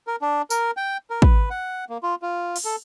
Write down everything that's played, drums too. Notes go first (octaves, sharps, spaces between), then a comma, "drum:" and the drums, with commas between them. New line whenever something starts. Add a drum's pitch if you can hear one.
A#4
D4
A#4, drum: tambourine
G5
A#4
B4, drum: kick
F#5
A#3
F4
F4
drum: open hi-hat
A4